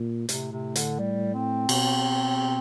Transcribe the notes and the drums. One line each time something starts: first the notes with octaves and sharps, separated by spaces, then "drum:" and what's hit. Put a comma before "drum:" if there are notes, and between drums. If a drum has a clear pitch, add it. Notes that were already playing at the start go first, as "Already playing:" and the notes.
Already playing: A#2
A2 C3, drum: hi-hat
C3
D3, drum: hi-hat
G3
C4
B2, drum: cymbal